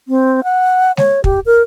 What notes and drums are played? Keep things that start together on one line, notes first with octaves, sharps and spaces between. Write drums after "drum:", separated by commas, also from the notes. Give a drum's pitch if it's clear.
C4
F#5
C#5, drum: snare G#3
G4, drum: kick
A#4